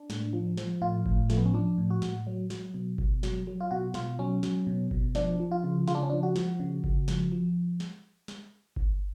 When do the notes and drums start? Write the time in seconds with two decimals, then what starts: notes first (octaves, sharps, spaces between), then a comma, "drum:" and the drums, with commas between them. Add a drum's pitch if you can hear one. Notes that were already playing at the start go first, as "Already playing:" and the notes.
Already playing: D4
0.10 A2, drum: snare
0.33 F3
0.57 F3, drum: snare
0.82 A2 F4
1.06 A2, drum: kick G1
1.30 F3 A3, drum: snare
1.38 B3
1.46 C#4
1.54 F3 D4
1.78 A2
1.90 F#4
2.02 A2, drum: snare
2.27 F#3
2.50 F#3, drum: snare
2.74 B2
2.98 B2, drum: kick G1
3.23 F#3, drum: snare
3.47 F#3
3.61 F4
3.71 B2 F#4
3.94 B2 F4, drum: snare
4.19 F#3 C#4
4.43 F#3, drum: snare
4.67 B2
4.91 B2, drum: kick G1
5.15 F3 D4, drum: snare
5.40 F3
5.51 F4
5.64 C#3
5.88 C#3 F4, drum: snare
5.95 D4
6.02 C#4
6.10 F3 D4
6.23 F#4
6.36 F3, drum: snare
6.60 C#3
6.84 C#3, drum: kick G1
7.08 F3, drum: snare
7.32 F3
7.80 drum: snare
8.28 drum: snare
8.76 drum: kick G1